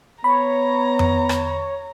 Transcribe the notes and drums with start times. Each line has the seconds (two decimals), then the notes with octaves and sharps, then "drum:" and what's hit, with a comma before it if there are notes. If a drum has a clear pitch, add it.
0.24 B3 C#5 A#5 B5
0.99 drum: tom F2
1.29 drum: rim click